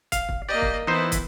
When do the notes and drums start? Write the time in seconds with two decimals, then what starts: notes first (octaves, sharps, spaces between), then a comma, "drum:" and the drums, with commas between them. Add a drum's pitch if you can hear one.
0.12 F5, drum: kick, hi-hat
0.29 drum: kick
0.49 A#3 G4 D5 D#5
0.62 drum: kick
0.87 E3 B3 D#4 E4 C5
1.12 drum: kick, hi-hat